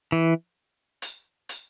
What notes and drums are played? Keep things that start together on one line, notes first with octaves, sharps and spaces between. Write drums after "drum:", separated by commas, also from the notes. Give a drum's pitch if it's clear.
E3
drum: hi-hat
drum: hi-hat